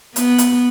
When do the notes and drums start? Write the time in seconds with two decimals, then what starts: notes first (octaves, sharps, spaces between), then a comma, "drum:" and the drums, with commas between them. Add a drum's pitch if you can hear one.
0.16 B3, drum: hi-hat
0.38 drum: hi-hat